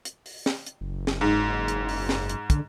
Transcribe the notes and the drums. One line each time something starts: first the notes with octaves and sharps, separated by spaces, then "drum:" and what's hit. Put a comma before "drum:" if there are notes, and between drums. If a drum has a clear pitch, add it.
drum: hi-hat
drum: open hi-hat
drum: snare
drum: hi-hat
F#1
drum: snare
G#2
drum: hi-hat
drum: open hi-hat
drum: snare
drum: hi-hat
D3, drum: kick, hi-hat